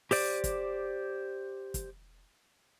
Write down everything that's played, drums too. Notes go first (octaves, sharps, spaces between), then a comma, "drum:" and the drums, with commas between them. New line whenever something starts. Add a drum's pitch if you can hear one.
G4 C5 D5, drum: open hi-hat
drum: kick, hi-hat
drum: kick, hi-hat